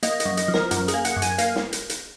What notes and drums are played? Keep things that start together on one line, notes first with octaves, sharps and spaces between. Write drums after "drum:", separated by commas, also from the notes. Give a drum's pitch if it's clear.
A#3 D#5, drum: hi-hat
D#5, drum: hi-hat
F#2
D#5, drum: hi-hat
F3
A#4, drum: snare
F#2 A#4, drum: hi-hat
G#4, drum: hi-hat
A#3
F#5, drum: hi-hat
F#2
G#5, drum: hi-hat
A#3 F5, drum: hi-hat
drum: snare
drum: hi-hat
drum: hi-hat